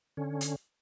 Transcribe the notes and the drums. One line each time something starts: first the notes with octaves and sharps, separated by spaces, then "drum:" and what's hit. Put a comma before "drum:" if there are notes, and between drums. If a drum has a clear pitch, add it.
D3 C#4
drum: hi-hat